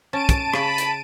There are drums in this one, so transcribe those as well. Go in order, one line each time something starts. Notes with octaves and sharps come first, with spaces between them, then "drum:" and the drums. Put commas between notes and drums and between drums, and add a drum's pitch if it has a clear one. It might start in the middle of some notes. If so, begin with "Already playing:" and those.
C#4 A5 D7 D#7
drum: kick, hi-hat
C#3 B5, drum: rim click
drum: hi-hat